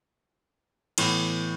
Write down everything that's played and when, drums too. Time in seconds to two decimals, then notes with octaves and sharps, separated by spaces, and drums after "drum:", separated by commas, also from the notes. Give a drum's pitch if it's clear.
0.98 A2 E3 B3, drum: cymbal